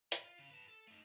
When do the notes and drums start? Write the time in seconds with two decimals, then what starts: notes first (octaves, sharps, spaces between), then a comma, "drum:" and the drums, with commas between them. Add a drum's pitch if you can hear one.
0.12 A#4 B5, drum: hi-hat
0.24 F4
0.39 C#3
0.51 B4 A5
0.69 A4
0.87 A3 D#4